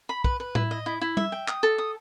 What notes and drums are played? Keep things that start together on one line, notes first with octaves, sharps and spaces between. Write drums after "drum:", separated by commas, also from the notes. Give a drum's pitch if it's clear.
B5
B4, drum: kick
B4
E4, drum: tom A2
D#5
E4
E4
E5, drum: tom G3
G5
D#6, drum: clap
A4
D#6